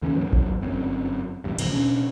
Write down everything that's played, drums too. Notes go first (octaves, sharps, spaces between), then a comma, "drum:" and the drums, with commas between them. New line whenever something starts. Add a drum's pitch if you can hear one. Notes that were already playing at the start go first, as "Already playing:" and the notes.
D#2 D3 E3 C#4
F#2 A2 E3 F#3
drum: kick A1
G1 F#2 C4
D#1 A1 E2 G2
G#1 D#2 C#3 F3, drum: cymbal
B2 C#4 D4